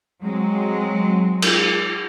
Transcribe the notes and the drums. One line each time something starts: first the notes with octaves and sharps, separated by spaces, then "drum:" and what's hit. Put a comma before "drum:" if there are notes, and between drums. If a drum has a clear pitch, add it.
F#3 G#3 C4
drum: cymbal